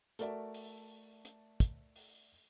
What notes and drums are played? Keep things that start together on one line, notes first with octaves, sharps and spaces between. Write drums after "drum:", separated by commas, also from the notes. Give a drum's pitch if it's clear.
A3 F#4 A#4 D5 E5 A5, drum: hi-hat
drum: open hi-hat
drum: hi-hat
drum: kick, hi-hat
drum: open hi-hat